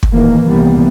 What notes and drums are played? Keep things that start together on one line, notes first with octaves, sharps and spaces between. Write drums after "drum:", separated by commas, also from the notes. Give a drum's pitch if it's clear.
drum: kick
A2 D#3 E3 A#3
C2 E3 G3 A#3 B3